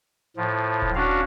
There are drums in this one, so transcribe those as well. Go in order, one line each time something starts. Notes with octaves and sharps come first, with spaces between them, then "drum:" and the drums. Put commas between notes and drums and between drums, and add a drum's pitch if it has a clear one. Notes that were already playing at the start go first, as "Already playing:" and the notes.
A2 F3
drum: kick D#1
C#4 D4 F#4 F5